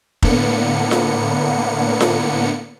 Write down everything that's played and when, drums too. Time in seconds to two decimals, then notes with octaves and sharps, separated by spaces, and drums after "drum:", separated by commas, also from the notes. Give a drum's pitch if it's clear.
0.22 A2 D3 A#3 B3 C#7, drum: kick
0.91 drum: snare F4
2.01 drum: snare F4